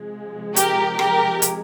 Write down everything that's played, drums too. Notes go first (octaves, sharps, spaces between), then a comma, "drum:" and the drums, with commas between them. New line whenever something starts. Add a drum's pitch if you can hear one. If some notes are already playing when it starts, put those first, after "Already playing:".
Already playing: C3 F3 G#3
G4 A#4, drum: hi-hat
G4 A#4, drum: rim click
drum: hi-hat